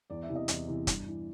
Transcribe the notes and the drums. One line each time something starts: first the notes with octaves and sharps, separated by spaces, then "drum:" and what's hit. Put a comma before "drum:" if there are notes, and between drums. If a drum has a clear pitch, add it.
E2 D5
E5
C3 E3
D#5
E2 D5, drum: hi-hat
C3 E3
G2, drum: kick, hi-hat
E3